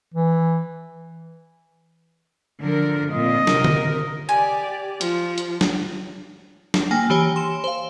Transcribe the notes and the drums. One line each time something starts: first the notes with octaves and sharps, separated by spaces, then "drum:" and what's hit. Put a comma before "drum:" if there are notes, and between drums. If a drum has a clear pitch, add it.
E3
D3 F3 A#4
A#2 C4 F4 D#5
C3 A#4, drum: snare
drum: tom
G4 D5 G#5
F3, drum: hi-hat
drum: hi-hat
drum: snare
drum: snare
A#3 G5 G#5
E3 G4 C#5 G#5
C6 E7
C5 F5